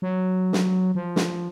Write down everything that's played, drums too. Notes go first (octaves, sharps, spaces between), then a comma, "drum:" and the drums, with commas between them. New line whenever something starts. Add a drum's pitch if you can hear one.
F#3
drum: snare
F3
drum: snare